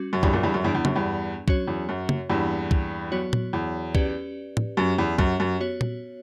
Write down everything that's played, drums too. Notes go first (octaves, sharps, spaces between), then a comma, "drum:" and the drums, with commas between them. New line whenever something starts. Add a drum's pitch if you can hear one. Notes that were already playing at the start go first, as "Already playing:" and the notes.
Already playing: G3 C#4 F#4
F#2
E2 G2, drum: kick
F#2 A#2
E2 G2
F#2
E2 G3 B3 D4
E2
F#2, drum: tom
E2 G2
F#3 C#4 F#4 C#5, drum: kick
E2
F#2
drum: tom
E2 G2 E3 A#3 E4
drum: kick
F#3 B3 F#4 C#5
drum: tom A#2
E2
C#4 G4 B4 D5, drum: kick
drum: tom A2
F#2 F#3 C#4 G4
E2
F#2, drum: kick
F#2
B3 F#4 C#5
drum: tom A#2